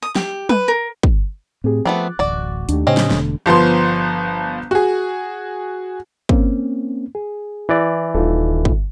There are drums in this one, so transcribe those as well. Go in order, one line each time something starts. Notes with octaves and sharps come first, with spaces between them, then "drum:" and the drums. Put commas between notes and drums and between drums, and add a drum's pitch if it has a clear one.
D#6
G4, drum: snare
B4, drum: tom
A#4
drum: kick
A2 C4 G4 G#4
F3 A3 B3 C4 D6 F#6 A6
D1 A1 F#4 D5
D#2 A3 D4 D#4 G4, drum: hi-hat
A2 C#3 C4 C#4 D#5
drum: snare
E1 B2 D3 A3, drum: snare
G1 F3 B3 C6
F#4 G#4
A#3 C4 C#4, drum: kick
G#4
E3 D5
D#1 D#4 F4 A4
drum: kick